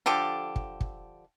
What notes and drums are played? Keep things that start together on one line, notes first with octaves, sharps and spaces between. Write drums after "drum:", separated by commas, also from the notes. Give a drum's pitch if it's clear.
D3 F3 G4 A4
drum: kick
drum: kick